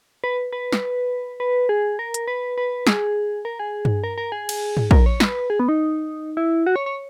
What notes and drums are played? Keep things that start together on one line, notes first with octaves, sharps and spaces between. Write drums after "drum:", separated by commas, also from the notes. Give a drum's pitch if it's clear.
B4
B4
drum: snare
B4
G#4
A#4
drum: hi-hat
B4
B4
G#4, drum: snare
A#4
G#4
drum: tom G2
A#4
A#4
G#4
drum: cymbal
drum: tom G#2
A#4, drum: kick
C#5
B4, drum: snare
G#4
B3
D#4
E4
F#4
C#5
C#5